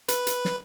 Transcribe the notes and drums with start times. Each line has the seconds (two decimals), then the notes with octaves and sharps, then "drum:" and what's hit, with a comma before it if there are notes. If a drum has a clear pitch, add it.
0.08 B4, drum: hi-hat
0.27 drum: hi-hat
0.45 drum: snare